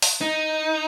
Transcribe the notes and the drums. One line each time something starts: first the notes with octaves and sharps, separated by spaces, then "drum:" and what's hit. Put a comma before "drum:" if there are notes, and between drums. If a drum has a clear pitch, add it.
drum: open hi-hat
D#4